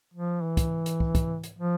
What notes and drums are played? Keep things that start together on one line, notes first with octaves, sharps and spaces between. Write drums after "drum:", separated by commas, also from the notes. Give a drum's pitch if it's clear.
F3
E3
drum: kick, hi-hat
drum: hi-hat
drum: kick
drum: kick, hi-hat
drum: hi-hat
F3